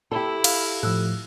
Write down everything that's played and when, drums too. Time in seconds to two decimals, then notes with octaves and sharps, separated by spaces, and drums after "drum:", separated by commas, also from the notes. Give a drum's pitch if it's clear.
0.12 E4 G4 A4
0.44 F5, drum: cymbal
0.83 A2 F3 E6 F#6